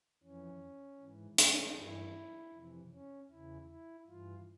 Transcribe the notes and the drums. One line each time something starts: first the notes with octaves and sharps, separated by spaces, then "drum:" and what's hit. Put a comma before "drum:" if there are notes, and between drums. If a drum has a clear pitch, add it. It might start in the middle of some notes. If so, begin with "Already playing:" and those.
F2 E3 C#4
G#2 E3
C#4, drum: hi-hat
G2 E3 E4
F2 C3 E3
C#4
E2 C#3 E3 E4
E4
G2 E3 F4